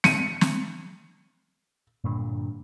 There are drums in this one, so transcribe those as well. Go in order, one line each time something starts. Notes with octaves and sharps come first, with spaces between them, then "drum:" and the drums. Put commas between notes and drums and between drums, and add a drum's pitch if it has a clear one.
C#7 D#7, drum: snare
drum: snare
G2 A#2 D3